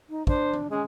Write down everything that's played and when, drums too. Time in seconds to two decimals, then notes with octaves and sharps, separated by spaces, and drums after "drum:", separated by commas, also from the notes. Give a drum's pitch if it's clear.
0.09 D#4
0.27 D4 C5, drum: kick
0.53 drum: tom E3
0.71 G#3 C#4